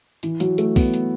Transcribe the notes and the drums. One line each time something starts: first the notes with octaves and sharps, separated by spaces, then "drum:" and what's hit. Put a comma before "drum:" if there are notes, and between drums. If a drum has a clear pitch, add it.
E3, drum: hi-hat
F#3, drum: hi-hat
A3, drum: hi-hat
B3, drum: kick B1, open hi-hat
drum: hi-hat